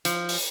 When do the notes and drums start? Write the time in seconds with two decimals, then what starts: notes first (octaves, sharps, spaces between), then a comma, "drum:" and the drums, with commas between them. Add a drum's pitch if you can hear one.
0.05 F3, drum: hi-hat
0.29 drum: open hi-hat